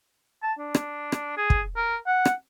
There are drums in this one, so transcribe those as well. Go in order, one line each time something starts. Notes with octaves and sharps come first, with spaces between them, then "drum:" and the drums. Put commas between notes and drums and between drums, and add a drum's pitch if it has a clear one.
A5
D4
drum: rim click
drum: rim click
G#4
drum: kick
A#4
F#5
drum: rim click